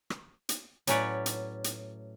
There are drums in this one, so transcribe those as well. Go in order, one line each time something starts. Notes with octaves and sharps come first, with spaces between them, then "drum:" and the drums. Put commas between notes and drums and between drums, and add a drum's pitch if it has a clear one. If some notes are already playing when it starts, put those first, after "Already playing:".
drum: rim click
drum: hi-hat
A2 F#3 C#4 B4 C#5 D5, drum: hi-hat
drum: hi-hat
drum: hi-hat